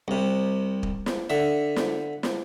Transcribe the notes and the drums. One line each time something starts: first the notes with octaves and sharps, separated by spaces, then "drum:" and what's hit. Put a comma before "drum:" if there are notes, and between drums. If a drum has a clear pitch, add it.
C2 C3
drum: kick
drum: snare
D3 E5
drum: snare
drum: snare